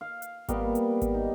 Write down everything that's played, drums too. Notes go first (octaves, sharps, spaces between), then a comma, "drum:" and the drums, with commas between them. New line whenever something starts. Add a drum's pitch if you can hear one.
F5
drum: hi-hat
G3 A#3 B3, drum: kick G#1, hi-hat
drum: hi-hat
drum: kick G#1, hi-hat
D#4